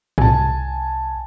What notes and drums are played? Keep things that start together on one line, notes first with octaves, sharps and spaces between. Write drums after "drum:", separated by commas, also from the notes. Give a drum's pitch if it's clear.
C2 G#5 A5, drum: tom G#2